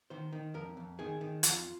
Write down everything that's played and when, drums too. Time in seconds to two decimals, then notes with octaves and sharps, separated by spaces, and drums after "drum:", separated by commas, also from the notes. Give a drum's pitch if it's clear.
0.10 D#3 C5
0.33 D#3
0.54 F2 A#4
0.77 F2
0.99 D#3 G#4
1.21 D#3
1.43 F2 F4, drum: hi-hat